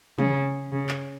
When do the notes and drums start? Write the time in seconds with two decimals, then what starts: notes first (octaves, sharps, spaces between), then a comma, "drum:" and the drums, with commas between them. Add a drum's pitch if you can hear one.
0.18 C#3, drum: tom
0.72 C#3
0.89 drum: clap